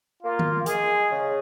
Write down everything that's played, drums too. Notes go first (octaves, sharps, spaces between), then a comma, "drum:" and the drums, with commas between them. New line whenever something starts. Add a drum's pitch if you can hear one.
A#3 F4
drum: tom D#3
G#3 G#4, drum: hi-hat
C#3